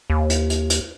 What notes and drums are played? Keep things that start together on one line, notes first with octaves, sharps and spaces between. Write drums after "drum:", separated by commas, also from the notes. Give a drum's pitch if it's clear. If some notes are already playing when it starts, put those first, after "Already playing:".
D#2
drum: hi-hat
drum: hi-hat
drum: hi-hat